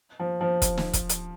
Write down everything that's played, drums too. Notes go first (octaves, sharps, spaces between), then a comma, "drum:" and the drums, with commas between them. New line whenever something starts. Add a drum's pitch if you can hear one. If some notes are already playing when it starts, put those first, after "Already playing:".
F3
F3
drum: kick, hi-hat
drum: snare
drum: kick, hi-hat
drum: hi-hat